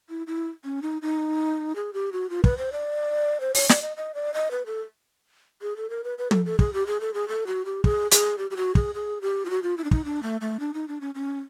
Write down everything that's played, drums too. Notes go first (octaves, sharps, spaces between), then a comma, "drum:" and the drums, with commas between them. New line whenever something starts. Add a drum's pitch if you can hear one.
E4
E4
C#4
D#4
D#4
G#4
G4
F#4
F4
B4, drum: kick
C5
D5
C5
C#5, drum: open hi-hat
D5, drum: snare
D#5
D#5
D5
D#5
B4
A4
G#4
A4
A#4
B4
B4
A4, drum: tom
A4
G#4, drum: kick
G4
G#4
A4
G#4
A4
F#4
G4
G#4, drum: kick
G#4, drum: hi-hat
G4
G4
F#4
G#4, drum: kick
G#4
G4
F4
F#4
F4
E4
D4
D#4, drum: kick
D4
A3
A3
D4
D#4
D4
C#4
C#4